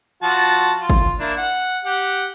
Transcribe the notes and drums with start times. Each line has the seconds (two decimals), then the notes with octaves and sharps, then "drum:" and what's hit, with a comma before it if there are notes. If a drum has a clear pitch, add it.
0.23 F3 F#4 A5
0.80 F4
0.90 drum: kick
1.20 A#3 D4 E4
1.38 F#5
1.84 G4 F#5